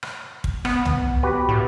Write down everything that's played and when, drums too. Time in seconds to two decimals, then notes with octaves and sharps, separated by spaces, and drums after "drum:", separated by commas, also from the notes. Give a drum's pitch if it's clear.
0.03 drum: rim click
0.44 drum: kick
0.65 B3, drum: rim click
0.85 drum: tom C2
1.23 F#4 G4 B4
1.49 A2